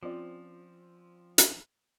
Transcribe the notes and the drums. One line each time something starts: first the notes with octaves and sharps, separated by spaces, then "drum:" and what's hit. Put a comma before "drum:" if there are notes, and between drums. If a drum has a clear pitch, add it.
F3 C4 C#4 F4 D5
drum: hi-hat